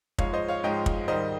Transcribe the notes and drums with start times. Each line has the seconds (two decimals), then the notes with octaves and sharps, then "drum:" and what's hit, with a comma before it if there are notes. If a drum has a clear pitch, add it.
0.18 G#2 F3 G#3 C#5 F5, drum: kick
0.33 C5 D#5
0.48 C#5 F5
0.63 G#2 F3 G#3 D#5 G5
0.86 drum: kick
1.08 G#2 D#3 G3 C5 D#5